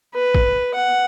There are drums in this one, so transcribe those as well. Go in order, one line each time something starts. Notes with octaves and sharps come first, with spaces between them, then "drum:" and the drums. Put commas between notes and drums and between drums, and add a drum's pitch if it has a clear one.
B4
drum: kick
F#5